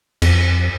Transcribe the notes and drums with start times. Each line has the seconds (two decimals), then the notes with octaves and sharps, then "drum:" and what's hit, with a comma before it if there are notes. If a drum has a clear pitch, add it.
0.22 F2, drum: cymbal